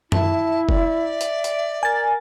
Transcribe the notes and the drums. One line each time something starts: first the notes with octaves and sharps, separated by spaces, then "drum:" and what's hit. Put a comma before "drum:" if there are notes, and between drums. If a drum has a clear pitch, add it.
E4 E5 A5, drum: tom F#2
D5, drum: kick
drum: hi-hat
drum: hi-hat
A#4 G#5 A6